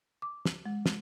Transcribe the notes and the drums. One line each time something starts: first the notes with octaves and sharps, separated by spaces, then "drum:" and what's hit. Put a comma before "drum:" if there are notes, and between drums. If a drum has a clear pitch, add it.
D6
drum: snare
G#3
drum: snare